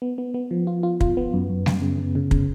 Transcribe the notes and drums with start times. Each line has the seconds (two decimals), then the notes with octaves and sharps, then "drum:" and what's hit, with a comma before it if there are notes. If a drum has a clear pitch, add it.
0.02 B3
0.18 B3
0.34 B3
0.51 F3
0.67 F4
0.83 F4
1.01 F4, drum: kick
1.17 B3
1.33 F#2
1.49 F#2
1.66 F#2, drum: snare G3
1.82 C#3
1.98 C#3
2.15 C#3
2.31 C#3, drum: kick